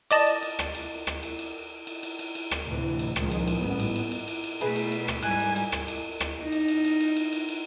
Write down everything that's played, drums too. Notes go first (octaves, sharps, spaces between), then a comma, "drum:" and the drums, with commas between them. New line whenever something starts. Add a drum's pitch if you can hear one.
D5 D#5 A5, drum: cymbal
drum: cymbal
drum: cymbal
drum: rim click
drum: cymbal
drum: rim click
drum: cymbal
drum: cymbal
drum: cymbal
drum: cymbal
drum: cymbal
drum: cymbal
drum: rim click
D2 A2 C3 E3
drum: cymbal
C#2 A#2 D#3 F3 G#3, drum: rim click
drum: cymbal
drum: cymbal
A1 G#2 G3 B3 C#4
drum: cymbal
drum: cymbal
drum: cymbal
drum: cymbal
drum: cymbal
B2 A3 G#4 B4, drum: cymbal
drum: cymbal
drum: cymbal
drum: rim click
G#2 G3 G#5 F#6, drum: cymbal
drum: cymbal
drum: cymbal
drum: rim click
drum: cymbal
drum: rim click
D#4
drum: cymbal
drum: cymbal
drum: cymbal
drum: cymbal
drum: cymbal
drum: cymbal
drum: cymbal